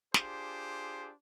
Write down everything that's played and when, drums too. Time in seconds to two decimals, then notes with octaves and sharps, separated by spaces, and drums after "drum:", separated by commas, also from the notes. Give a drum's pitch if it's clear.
0.14 D4 F4 G4 G#4 C5, drum: snare